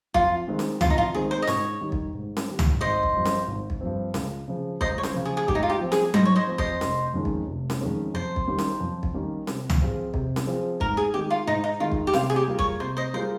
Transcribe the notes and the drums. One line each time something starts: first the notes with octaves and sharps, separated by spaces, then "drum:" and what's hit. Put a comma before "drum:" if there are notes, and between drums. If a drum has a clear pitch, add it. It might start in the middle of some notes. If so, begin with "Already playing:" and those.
F2 F4, drum: kick
D#3 G#3 C4
drum: snare C#4
F2 F4, drum: tom
D#4
F4
D#3 G#3 C4 G#4
C5
D#5
G#2 C#5, drum: snare C#4
D#3 G3
drum: kick
G#2
drum: snare C#4
D#3 G3
drum: tom
G#1 C5 D#5
drum: kick
G2 F3 C4
drum: snare C#4
G#1
drum: kick
G2 F3 C4
C#2, drum: snare C#4
C#3 F3
C#2 C5 D#5, drum: kick
C#5
C5, drum: snare C#4
C#3 F3
G#4
G#4
G#2 G4, drum: kick
D#4
F4
G4
F3 C4
G#4, drum: snare C#4
G#2 C5 D#5, drum: tom F#3
C#5
C5 D#5
F3 C4
C5 D#5, drum: kick
F1, drum: snare C#4
F2 D#3 G#3 C#4
drum: kick
F1
drum: snare C#4
F2 D#3 G#3 C#4
F2 C5
drum: kick
D#3 G3 A#3 C#4
drum: snare C#4
F2
drum: kick
D#3 G3 A#3 C#4
C3, drum: snare C#4
drum: tom
F3 C4 F4 G#4
C3, drum: kick
drum: snare C#4
F3 C4 F4 G#4
G#2 A#4, drum: kick
G#4
D#3 G#3 G4
F4
G#2 D#4
D#4
D#3 G#3 F4
drum: kick
G4
C3 F4, drum: snare C#4
G#4
G4
G3 A#3 F4 G#4
C#5, drum: kick
C3 C5
C5 D#5
G3 A#3 F4 G#4 C5